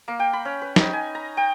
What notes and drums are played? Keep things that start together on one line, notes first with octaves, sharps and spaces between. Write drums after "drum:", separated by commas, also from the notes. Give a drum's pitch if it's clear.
A#3
G5
B5
C#4
B4
D#4, drum: snare
G#5
A#5
G5